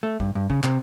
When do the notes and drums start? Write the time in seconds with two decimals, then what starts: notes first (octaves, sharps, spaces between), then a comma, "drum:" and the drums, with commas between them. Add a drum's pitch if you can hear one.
0.03 A3
0.20 G2, drum: kick
0.35 G2
0.50 C#3, drum: kick
0.63 C3, drum: clap